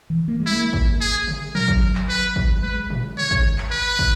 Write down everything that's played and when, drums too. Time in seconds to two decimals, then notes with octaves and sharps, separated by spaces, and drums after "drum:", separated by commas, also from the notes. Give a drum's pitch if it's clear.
0.10 E3
0.28 A#3
0.40 G#3
0.46 E4
0.52 A#3
0.73 drum: kick
1.01 G#4
1.27 drum: tom C3
1.55 F#3 A#4, drum: tom A2
1.68 drum: kick
1.95 drum: clap
2.09 B4
2.36 drum: kick
2.63 G#3 B4
2.90 drum: tom A2
3.18 C#5, drum: tom C3
3.31 drum: kick
3.58 drum: clap
3.71 B4
3.99 drum: kick